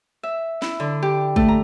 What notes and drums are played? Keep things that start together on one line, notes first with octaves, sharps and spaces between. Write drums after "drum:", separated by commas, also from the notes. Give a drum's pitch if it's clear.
E5
E4, drum: snare
D3
G4
A3, drum: kick
A#5